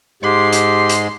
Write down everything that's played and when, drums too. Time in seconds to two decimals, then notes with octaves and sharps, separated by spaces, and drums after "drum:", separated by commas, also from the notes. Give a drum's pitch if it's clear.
0.23 G#2 G#3 G4 C6
0.53 G4, drum: hi-hat
0.89 drum: hi-hat